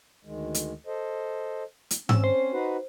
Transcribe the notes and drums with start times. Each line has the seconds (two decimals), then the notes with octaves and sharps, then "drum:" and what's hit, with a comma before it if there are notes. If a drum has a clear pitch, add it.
0.25 D2 D#3 G#3
0.54 drum: hi-hat
0.86 A4 C5 D#5
1.91 drum: hi-hat
2.09 C4 C#4 E6, drum: tom G#2
2.24 C5
2.52 D#4 F#4 B4